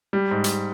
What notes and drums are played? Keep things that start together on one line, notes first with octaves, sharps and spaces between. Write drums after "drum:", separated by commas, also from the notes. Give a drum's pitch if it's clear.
G3
G#2
drum: hi-hat